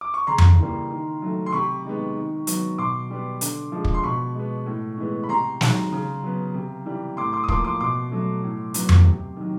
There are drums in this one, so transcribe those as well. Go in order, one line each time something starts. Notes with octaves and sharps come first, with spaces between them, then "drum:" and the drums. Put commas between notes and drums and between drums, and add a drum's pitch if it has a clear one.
D6
C#6
C#3 A#5 C6
drum: tom F2
E3 G3 A#3
D#3
F#3 A3
C6
C3 B5 C#6
D#3 G#3 B3
D#3
F#3 B3, drum: hi-hat
B2 C6 D6
G3 B3
D3, drum: hi-hat
F3 G#3
drum: kick
C6
B2 B5 C#6
G#3 B3
A2
E3 G#3 B3
B5
C3 A#5 C6
D#3 F#3, drum: snare
C#3
F#3 B3
C3
E3 G3
A2 C6 D6
C6 D6
D#6
F3 A#3 C6 D6, drum: kick
C6 D6
B2 C6 D6
F#3 A3
A2
F#3 B3, drum: hi-hat
drum: tom F2
C3
D#3 F#3